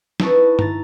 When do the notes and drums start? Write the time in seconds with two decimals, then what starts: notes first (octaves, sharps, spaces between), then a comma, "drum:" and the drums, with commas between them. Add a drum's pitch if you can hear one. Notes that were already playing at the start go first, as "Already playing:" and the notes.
0.20 D#4 E4 B4 A5 C#6, drum: snare
0.59 A#5 A6, drum: tom G2